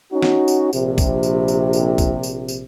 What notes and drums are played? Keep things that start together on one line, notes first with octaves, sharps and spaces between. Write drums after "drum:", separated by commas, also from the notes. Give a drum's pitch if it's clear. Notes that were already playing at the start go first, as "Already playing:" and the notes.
C#4 D#4 F#4
drum: snare
drum: tambourine
A#1 C3, drum: tambourine
drum: kick, tambourine
drum: tambourine
drum: tambourine
drum: tambourine
drum: kick, tambourine
drum: tambourine
drum: tambourine